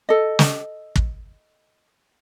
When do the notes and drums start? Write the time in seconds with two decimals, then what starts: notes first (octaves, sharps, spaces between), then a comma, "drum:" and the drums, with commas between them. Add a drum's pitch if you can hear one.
0.09 A4 D#5
0.39 drum: snare
0.96 drum: kick